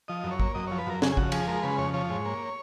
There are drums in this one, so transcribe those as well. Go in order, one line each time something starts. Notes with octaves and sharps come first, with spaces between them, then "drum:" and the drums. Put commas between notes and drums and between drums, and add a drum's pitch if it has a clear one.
F3 D#5
F#2
C#5
A#3, drum: kick
F#2 D#5
F3 C#5
B4
F#2 A#4
C#3 G#4, drum: snare
G#4
F2 F#4, drum: kick
F3 G#4, drum: cymbal
G#3 A#4
C#3 B4
F2 C#5
F3 C#5
G#2
A#3